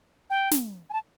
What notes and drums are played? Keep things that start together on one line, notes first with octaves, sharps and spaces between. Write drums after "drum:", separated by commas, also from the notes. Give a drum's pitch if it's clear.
G5
drum: snare
G#5
A5